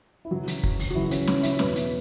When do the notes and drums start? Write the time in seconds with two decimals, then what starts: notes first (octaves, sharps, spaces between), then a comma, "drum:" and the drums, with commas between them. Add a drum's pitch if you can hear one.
0.25 E4
0.31 F#2 C#3 E3 F#3 F#4
0.47 drum: hi-hat
0.63 drum: kick
0.79 drum: open hi-hat
0.90 F#4
0.95 F#2 C#3 E3 E4
1.11 C#4 C#5, drum: hi-hat
1.27 drum: snare
1.43 E4, drum: hi-hat
1.59 E2 B2 F#3 B3 B4, drum: snare
1.75 drum: hi-hat